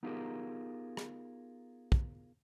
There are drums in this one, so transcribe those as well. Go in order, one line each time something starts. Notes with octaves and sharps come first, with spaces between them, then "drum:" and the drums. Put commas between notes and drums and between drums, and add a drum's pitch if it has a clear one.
B3 D#4 F4 G4 G#4 A#4
drum: rim click
drum: kick